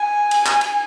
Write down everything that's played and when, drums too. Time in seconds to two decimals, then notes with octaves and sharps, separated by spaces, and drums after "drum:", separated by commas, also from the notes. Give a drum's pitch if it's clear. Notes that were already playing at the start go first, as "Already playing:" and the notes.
Already playing: G#5
0.31 drum: cymbal
0.46 drum: clap
0.61 drum: cymbal